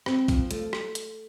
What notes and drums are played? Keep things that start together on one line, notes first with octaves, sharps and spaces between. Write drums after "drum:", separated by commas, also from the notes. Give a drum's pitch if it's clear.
C4, drum: rim click
F3, drum: kick, open hi-hat
A3, drum: hi-hat
drum: rim click
drum: hi-hat